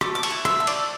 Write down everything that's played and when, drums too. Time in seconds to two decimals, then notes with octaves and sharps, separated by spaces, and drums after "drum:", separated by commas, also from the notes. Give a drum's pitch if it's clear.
0.01 A3 D6, drum: rim click
0.15 D6
0.23 C#6, drum: cymbal
0.31 E4
0.45 E5, drum: rim click
0.60 A3
0.67 D5, drum: cymbal